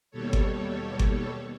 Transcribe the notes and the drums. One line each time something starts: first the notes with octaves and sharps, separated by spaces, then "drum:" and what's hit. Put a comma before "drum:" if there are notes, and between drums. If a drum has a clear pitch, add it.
D#2 B2 G3 A4 C#5
drum: kick G1
drum: kick G1